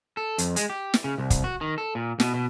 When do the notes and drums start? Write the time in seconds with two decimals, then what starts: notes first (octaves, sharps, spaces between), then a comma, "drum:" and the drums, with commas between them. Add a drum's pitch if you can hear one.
0.17 A4
0.38 F2, drum: hi-hat
0.56 G#3, drum: hi-hat
0.70 G4
0.94 drum: snare
1.04 C#3
1.18 C2
1.30 drum: kick, hi-hat
1.44 F#4
1.61 D#3
1.78 A4
1.95 A#2
2.20 B2, drum: snare
2.34 B2